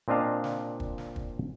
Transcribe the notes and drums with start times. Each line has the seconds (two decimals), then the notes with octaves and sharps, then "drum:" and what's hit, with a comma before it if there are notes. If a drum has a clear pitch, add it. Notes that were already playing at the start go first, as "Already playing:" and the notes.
0.08 A#2 C4 D4 D#5 F5 A5
0.44 drum: snare
0.80 drum: kick
0.98 drum: snare
1.16 drum: kick